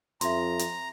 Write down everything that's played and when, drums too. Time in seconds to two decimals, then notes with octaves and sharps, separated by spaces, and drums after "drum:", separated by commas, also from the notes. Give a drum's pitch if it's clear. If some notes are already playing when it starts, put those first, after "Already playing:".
0.21 F2 E5 A#5 C6, drum: hi-hat
0.59 drum: hi-hat